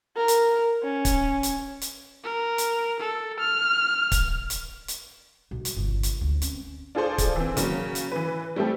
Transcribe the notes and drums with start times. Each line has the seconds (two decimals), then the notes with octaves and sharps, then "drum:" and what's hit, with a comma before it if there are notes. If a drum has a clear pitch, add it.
0.16 A#4
0.28 drum: hi-hat
0.83 C#4
1.05 drum: kick, hi-hat
1.43 drum: hi-hat
1.81 drum: hi-hat
2.24 A#4
2.58 drum: hi-hat
3.00 A4
3.40 F6
4.12 drum: kick, hi-hat
4.50 drum: hi-hat
4.88 drum: hi-hat
5.51 B1
5.65 drum: hi-hat
5.76 G1 C2
6.03 drum: hi-hat
6.21 D2
6.42 C4 C#4, drum: hi-hat
6.95 D4 F4 G#4 A4 C5 D5
7.18 drum: kick, hi-hat
7.36 E3 C4
7.57 C#3 F#3 A#3 C#4, drum: hi-hat
7.95 drum: hi-hat
8.12 E3 B4
8.56 G3 A3 C4 E4 G4 A4